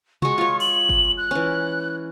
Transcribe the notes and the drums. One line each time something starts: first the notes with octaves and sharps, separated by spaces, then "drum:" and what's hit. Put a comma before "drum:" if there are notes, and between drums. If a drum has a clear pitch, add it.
G#3 F#4 C#6, drum: tom C3
F4 C#5
F#7, drum: open hi-hat
drum: kick F#1
F#6
E3 C#4